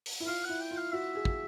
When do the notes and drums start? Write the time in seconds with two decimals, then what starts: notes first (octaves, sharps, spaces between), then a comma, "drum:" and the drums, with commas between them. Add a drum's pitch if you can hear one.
0.06 drum: open hi-hat
0.20 E4
0.27 F4 F5
0.44 F#5
0.49 E4
0.60 G5
0.71 F4
0.77 F5
0.93 F#4 E5
1.15 G#4
1.25 drum: kick